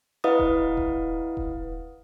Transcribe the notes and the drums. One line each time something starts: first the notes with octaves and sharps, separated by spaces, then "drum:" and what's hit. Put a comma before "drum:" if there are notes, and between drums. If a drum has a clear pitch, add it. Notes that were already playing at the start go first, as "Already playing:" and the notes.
E4 B4 D#5 F5 F#5 D#6
drum: kick D#1
drum: kick D#1
drum: kick D#1